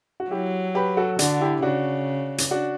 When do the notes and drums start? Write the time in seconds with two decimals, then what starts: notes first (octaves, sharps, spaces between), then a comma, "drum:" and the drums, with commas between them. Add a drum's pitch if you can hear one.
0.20 F#4
0.31 F#3 E4 G4
0.75 G4 B4
0.97 F#4 A4
1.19 D3 D4 F#4, drum: hi-hat
1.41 E4 G4
1.62 C#3 D4 F#4
2.38 drum: hi-hat
2.51 D4 F#4